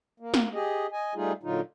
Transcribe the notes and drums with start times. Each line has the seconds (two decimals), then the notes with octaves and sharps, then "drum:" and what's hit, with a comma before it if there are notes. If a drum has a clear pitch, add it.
0.20 A#3
0.34 drum: snare
0.54 G4 G#4 D#5
0.92 D#5 G#5
1.15 G3 A3 D#4 F4 G#4
1.43 A#2 D3 F#3 D#4 F4